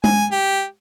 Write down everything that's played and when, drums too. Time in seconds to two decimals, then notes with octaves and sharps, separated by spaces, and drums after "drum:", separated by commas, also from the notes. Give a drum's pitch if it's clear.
0.04 G#5, drum: tom G#3
0.31 G4